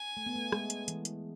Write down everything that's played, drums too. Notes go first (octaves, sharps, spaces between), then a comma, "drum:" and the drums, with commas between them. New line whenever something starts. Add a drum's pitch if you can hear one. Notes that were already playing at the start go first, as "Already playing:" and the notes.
Already playing: G#5
A3
B3
A3
G#3, drum: rim click
drum: hi-hat
E3, drum: hi-hat
drum: hi-hat